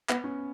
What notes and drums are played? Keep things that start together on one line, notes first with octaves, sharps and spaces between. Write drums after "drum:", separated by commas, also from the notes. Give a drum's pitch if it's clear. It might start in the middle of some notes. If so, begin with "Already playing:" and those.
B3, drum: clap
C#4